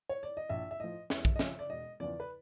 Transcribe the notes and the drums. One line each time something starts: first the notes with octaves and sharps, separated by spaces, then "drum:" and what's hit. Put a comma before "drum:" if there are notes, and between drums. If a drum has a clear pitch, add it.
C#5
D5
D#5
A#1 E5
E5
A2 F3 D#5
E2 E5, drum: snare
drum: kick
D#5
C#3 F3 E5, drum: snare
D5
E1 D#5
E2 C#3 F3 D5
B4